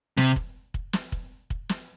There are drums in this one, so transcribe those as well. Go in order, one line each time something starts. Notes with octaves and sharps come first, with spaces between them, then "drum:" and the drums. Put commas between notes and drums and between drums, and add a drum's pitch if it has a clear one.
C3, drum: snare
drum: kick
drum: kick
drum: snare
drum: kick
drum: kick
drum: snare